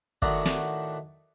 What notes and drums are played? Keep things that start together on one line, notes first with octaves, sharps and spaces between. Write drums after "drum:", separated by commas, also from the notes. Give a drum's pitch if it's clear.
A2 D#3 A3 F#4 D5 F#5, drum: kick
drum: snare